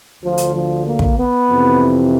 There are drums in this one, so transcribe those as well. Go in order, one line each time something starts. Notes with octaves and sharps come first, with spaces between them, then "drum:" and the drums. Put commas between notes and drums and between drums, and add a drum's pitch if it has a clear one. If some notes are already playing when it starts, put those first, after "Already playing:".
D2 D3 F3
drum: hi-hat
F3
A#3
drum: kick
B3
F2 C3 E3